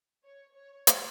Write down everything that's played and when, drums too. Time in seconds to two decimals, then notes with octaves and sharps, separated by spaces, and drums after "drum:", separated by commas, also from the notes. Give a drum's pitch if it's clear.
0.24 C#5
0.56 C#5
0.87 drum: hi-hat